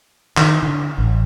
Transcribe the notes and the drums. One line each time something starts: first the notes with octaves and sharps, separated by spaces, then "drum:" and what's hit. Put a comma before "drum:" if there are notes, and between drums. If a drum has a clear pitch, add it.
D#3, drum: clap
D3
A1